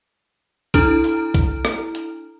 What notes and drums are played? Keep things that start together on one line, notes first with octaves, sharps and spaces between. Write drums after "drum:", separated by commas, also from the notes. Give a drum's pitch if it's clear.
D4 E4 A4 A#5 F6 D7, drum: kick, hi-hat
drum: open hi-hat
drum: kick, hi-hat
drum: rim click
drum: hi-hat